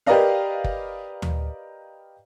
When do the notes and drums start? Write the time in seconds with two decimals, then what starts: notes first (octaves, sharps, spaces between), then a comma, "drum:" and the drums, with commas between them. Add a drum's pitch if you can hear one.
0.07 G4 A#4 B4 D5 D#5 F5
0.64 drum: kick
1.22 drum: tom